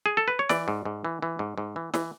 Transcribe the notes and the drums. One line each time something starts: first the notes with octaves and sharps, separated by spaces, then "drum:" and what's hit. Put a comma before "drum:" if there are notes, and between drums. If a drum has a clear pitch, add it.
G#4
A4
B4
C#5
E3 D5, drum: snare
G#2
G#2
E3
E3
G#2
G#2
E3
E3, drum: snare